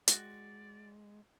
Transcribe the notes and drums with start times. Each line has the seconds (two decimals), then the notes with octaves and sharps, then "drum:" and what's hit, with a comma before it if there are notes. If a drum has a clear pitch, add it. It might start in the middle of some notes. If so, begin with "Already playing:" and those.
0.08 G#3 D#4 F#4 D5, drum: hi-hat